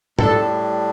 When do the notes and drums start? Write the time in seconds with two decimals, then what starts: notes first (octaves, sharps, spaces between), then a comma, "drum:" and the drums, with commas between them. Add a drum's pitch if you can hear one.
0.19 A2 G3 D4 A4, drum: tom